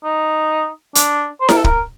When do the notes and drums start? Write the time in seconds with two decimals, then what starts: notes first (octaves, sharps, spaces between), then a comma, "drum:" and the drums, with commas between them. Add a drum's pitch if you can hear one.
0.04 D#4
0.95 D4, drum: hi-hat
1.41 C5
1.49 A#4, drum: snare E4
1.57 A4
1.64 A#4, drum: kick